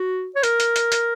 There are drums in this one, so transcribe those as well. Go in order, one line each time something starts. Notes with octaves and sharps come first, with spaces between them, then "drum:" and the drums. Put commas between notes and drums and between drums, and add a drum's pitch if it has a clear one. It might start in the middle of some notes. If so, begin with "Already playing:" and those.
Already playing: F#4
C#5
A#4, drum: hi-hat
drum: hi-hat
drum: hi-hat
drum: hi-hat